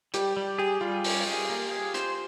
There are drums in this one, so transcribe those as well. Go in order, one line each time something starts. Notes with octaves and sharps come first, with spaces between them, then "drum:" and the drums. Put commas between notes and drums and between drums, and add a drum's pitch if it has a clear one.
G3 G4, drum: hi-hat
G3
G4 G#4
G3 F4
C#4, drum: open hi-hat
G#4
A#3
G#4
C5, drum: hi-hat